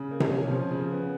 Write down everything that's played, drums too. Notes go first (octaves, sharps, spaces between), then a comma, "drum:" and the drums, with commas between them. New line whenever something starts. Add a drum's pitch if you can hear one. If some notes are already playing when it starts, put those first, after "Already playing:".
Already playing: C#3
A#3
drum: tom C3
C#4
F3
C#3
B3